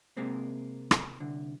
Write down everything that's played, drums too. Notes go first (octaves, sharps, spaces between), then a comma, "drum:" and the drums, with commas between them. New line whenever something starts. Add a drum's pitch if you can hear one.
C3 G#3 A#3 C4
drum: rim click
C2 D3